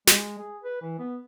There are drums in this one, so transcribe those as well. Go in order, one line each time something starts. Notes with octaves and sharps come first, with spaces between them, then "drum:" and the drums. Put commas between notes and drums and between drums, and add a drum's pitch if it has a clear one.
G#3, drum: snare
G#4
B4
E3
B3